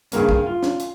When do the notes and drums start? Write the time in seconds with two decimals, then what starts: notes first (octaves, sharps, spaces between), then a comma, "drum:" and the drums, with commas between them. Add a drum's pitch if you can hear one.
0.12 G2 C#3 A#3 C#4, drum: hi-hat
0.29 drum: kick
0.46 F4
0.63 drum: snare
0.79 drum: hi-hat